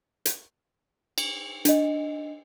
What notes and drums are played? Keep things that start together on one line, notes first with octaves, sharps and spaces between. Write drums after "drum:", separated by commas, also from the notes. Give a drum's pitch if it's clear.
drum: hi-hat
drum: cymbal
D4 D#5, drum: hi-hat